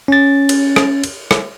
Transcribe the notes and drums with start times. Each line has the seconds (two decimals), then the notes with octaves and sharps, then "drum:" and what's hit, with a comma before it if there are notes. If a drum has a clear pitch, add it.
0.08 C#4 A6
0.49 drum: cymbal
0.76 drum: rim click
1.04 drum: cymbal
1.31 drum: rim click